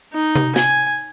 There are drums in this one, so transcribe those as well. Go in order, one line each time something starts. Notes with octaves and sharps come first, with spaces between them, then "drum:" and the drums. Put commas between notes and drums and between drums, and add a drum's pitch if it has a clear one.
D#4
drum: tom C3
G#5, drum: snare